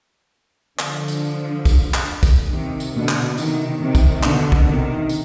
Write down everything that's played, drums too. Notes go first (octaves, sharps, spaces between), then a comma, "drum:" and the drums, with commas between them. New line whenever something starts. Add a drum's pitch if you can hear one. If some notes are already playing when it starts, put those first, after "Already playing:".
D3 F3, drum: clap
drum: tambourine
drum: kick, tambourine
drum: clap
drum: kick, tambourine
C3 D#3
drum: tambourine
B2 D3
drum: clap
C3 D#3, drum: tambourine
C3 D#3
drum: kick, tambourine
B2 D3, drum: clap
drum: kick
C3 D#3
drum: tambourine